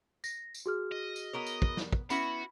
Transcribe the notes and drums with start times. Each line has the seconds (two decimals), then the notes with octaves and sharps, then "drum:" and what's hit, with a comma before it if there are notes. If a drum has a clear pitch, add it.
0.24 A#6, drum: tambourine
0.54 drum: tambourine
0.66 F#4 G#4 F6
0.92 D#5
1.16 drum: tambourine
1.33 B3 A#4 C#5
1.46 drum: tambourine
1.62 drum: kick
1.77 drum: snare
1.93 drum: kick
2.10 B3 C#4 E4 F#4 B5, drum: tambourine